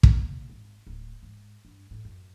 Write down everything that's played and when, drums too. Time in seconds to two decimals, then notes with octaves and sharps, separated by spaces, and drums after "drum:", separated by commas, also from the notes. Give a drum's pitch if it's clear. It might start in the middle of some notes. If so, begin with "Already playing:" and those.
0.03 A#2, drum: kick
0.49 G#1
0.87 D1
1.23 G#2
1.65 G2
1.91 A2
2.05 F#2